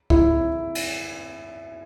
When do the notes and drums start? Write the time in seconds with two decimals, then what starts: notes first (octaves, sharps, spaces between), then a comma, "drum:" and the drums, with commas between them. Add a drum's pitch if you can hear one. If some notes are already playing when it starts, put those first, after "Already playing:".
0.10 E4, drum: kick C#2
0.75 drum: cymbal